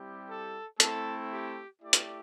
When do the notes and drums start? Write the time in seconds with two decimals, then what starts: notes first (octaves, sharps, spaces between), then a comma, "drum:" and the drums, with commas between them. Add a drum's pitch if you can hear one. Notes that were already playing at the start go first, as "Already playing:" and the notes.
Already playing: G3 C4 E4 G4
0.28 A4
0.80 A3 C4 E4 A4, drum: hi-hat
1.31 G4
1.82 A3 E4 G4 D5
1.93 drum: hi-hat